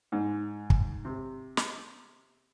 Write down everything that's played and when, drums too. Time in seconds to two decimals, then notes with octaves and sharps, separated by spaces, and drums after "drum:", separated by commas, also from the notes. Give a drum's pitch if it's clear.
0.12 G#2
0.70 drum: kick
1.05 C3
1.57 drum: snare